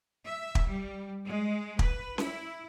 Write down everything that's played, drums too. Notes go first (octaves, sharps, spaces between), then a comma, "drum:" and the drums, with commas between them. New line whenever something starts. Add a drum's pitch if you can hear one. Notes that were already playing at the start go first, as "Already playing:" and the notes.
E5
drum: kick
G3
G#3
B4, drum: kick
E4, drum: snare C#4